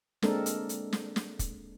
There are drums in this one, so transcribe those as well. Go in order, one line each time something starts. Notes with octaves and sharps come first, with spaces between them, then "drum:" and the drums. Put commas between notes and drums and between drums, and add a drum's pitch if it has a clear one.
G#3 A#3 C4 D4 A4 A#4, drum: snare
drum: hi-hat
drum: hi-hat
drum: snare
drum: snare
drum: kick, hi-hat